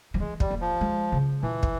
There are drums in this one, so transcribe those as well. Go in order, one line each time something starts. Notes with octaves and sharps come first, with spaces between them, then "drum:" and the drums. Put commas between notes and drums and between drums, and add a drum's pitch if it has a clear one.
F3
E3 G#3
G3, drum: kick
A#3
F3
G#3
C#3
A#2 E3
drum: kick